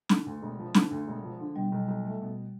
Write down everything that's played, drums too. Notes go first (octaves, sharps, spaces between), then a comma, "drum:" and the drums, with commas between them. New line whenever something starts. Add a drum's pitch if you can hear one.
D3, drum: snare
D2
E1
F3
D3, drum: snare
D2
E1
F3
D3
B2 G3
B1
B1
A3
B2